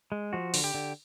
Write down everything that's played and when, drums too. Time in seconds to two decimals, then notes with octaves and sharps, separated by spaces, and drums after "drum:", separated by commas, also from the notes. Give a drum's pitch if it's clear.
0.12 G#3
0.33 F3 F#4
0.54 D3, drum: open hi-hat
0.64 G4
0.74 D3